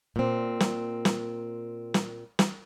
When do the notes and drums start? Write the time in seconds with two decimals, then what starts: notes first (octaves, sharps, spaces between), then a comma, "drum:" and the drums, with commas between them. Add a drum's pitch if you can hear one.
0.16 A#2 C4
0.60 drum: snare
1.05 drum: snare
1.94 drum: snare
2.39 drum: snare